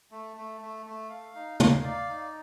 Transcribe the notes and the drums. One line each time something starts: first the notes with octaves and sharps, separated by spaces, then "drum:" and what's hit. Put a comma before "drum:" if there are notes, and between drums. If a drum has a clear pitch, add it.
A3
A3
A3
A3
F5
D#4
F5, drum: tom
D5
D#4